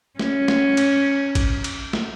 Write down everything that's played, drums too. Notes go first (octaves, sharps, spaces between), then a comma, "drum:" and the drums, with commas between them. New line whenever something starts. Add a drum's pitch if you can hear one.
C#4, drum: snare
drum: snare
drum: cymbal
drum: kick A1, cymbal
drum: cymbal
drum: snare